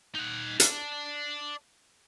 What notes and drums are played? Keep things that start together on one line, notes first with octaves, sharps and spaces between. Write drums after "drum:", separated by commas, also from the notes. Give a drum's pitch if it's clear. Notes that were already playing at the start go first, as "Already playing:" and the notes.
D#4 F#5
D5 A5, drum: hi-hat